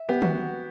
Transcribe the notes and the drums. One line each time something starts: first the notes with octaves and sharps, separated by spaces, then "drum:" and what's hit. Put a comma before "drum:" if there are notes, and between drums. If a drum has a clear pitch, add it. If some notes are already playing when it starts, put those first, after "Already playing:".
Already playing: E5
B3 G4
F#4, drum: tom